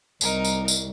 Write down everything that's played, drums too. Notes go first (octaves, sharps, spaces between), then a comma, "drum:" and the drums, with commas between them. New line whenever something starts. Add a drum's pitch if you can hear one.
C2 D#4 A#4, drum: tambourine
drum: tambourine
drum: tambourine